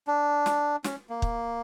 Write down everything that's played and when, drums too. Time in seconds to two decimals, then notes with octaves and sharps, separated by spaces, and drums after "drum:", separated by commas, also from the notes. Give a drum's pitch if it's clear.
0.07 D4
0.46 drum: snare
0.84 C#4, drum: snare
1.10 A#3
1.22 drum: kick